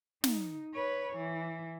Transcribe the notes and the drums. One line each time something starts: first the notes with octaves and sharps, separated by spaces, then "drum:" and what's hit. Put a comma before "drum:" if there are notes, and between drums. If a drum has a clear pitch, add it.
D#4, drum: snare
B4 C#5
E3